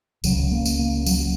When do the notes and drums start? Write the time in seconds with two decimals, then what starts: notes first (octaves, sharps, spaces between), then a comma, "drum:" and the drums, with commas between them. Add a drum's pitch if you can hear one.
0.24 C#2 C#3 F#3, drum: tambourine
0.52 A#3
0.65 drum: tambourine
0.79 A#3
1.06 F#3, drum: tambourine